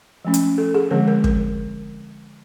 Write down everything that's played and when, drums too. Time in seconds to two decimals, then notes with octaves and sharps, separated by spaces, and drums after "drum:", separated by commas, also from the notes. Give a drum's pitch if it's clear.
0.25 F3 A3 C#4
0.34 drum: hi-hat
0.58 A4
0.74 G#4
0.91 D3 F3 G#3 C4 A#4
1.08 A#4
1.24 A#4, drum: kick